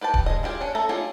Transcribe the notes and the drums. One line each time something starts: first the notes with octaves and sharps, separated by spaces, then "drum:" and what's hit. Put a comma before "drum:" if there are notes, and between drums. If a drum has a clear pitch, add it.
G4 B4 G5 A5
drum: kick D1
G#3 C#4 D#5
E4 F4 G4 G#4
C#4 D4
A3 A4 E5 A5 A#5
C#4 D#4 F4 G4 G#4